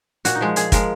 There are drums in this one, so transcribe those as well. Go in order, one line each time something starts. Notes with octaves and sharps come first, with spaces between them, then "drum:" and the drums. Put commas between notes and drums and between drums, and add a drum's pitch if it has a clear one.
A#2 F#4, drum: hi-hat
D#4
F3 G#3
A#2 G#4, drum: hi-hat
F3 G#3 A#4, drum: kick, hi-hat